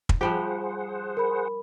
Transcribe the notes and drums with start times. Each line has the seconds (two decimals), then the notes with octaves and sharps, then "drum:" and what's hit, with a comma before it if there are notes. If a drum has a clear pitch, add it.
0.09 drum: kick
0.21 F3 G3 G4 G#4 C5 F#5
1.17 A#4 B5